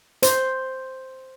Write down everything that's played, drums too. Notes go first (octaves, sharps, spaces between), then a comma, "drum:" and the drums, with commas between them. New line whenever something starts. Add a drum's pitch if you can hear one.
C5, drum: hi-hat